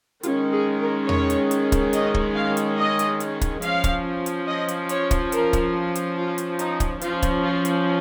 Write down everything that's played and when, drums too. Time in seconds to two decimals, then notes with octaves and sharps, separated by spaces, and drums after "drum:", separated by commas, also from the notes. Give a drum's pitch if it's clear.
0.23 D#3 G#3 C#4 F4, drum: hi-hat
0.52 G#4
0.81 A#4
1.09 C#5, drum: tom E2
1.30 drum: hi-hat
1.51 drum: hi-hat
1.72 drum: kick, hi-hat
1.93 D#5, drum: hi-hat
2.14 drum: kick
2.35 F5
2.57 drum: hi-hat
2.78 D#5
2.99 drum: hi-hat
3.20 drum: hi-hat
3.41 drum: kick, hi-hat
3.62 F3 C#4 F5, drum: hi-hat
3.84 drum: kick, hi-hat
4.26 drum: hi-hat
4.47 D#5
4.68 drum: hi-hat
4.89 C#5, drum: hi-hat
5.11 drum: kick, hi-hat
5.32 A#4, drum: hi-hat
5.53 drum: kick, hi-hat
5.95 drum: hi-hat
6.17 F4
6.38 drum: hi-hat
6.59 D#4, drum: hi-hat
6.80 drum: kick, hi-hat
7.01 F3 C#4 F4, drum: hi-hat
7.22 drum: kick, hi-hat
7.43 F4
7.65 drum: hi-hat